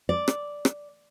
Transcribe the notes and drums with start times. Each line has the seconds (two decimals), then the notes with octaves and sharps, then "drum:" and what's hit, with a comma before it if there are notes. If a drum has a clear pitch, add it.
0.09 D5
0.28 drum: rim click
0.65 drum: rim click